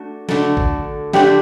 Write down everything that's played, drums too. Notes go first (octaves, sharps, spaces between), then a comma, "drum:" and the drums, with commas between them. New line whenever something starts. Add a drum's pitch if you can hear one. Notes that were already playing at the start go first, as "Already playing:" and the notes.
Already playing: A3 D4 F#4
D3 A3 D4 F#4 A4, drum: snare
drum: kick
D3 A3 D4 F#4 G4 A4, drum: snare